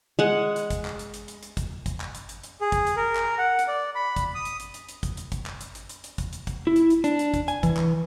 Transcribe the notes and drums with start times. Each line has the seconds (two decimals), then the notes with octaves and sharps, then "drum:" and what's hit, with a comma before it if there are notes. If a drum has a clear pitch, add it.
0.19 G#3 F#5
0.56 drum: hi-hat
0.70 drum: kick, hi-hat
0.85 drum: clap
0.99 drum: hi-hat
1.14 drum: hi-hat
1.28 drum: hi-hat
1.43 drum: hi-hat
1.57 drum: kick, hi-hat
1.86 drum: kick, hi-hat
2.00 drum: clap
2.15 drum: hi-hat
2.29 drum: hi-hat
2.43 drum: hi-hat
2.61 G#4
2.72 drum: kick, hi-hat
2.87 drum: hi-hat
2.97 A#4
3.16 drum: clap
3.38 F#5
3.59 drum: hi-hat
3.68 D5
3.95 B5
4.16 drum: kick, hi-hat
4.35 D#6
4.45 drum: hi-hat
4.60 drum: hi-hat
4.74 drum: hi-hat
4.89 drum: hi-hat
5.03 drum: kick, hi-hat
5.17 drum: hi-hat
5.32 drum: kick, hi-hat
5.46 drum: clap
5.61 drum: hi-hat
5.75 drum: hi-hat
5.89 drum: hi-hat
6.04 drum: hi-hat
6.18 drum: kick, hi-hat
6.33 drum: hi-hat
6.47 drum: kick, hi-hat
6.67 E4
6.76 drum: hi-hat
6.90 drum: hi-hat
7.04 D4, drum: hi-hat
7.19 drum: hi-hat
7.34 drum: kick, hi-hat
7.48 G#5, drum: hi-hat
7.63 E3, drum: kick, hi-hat
7.77 drum: clap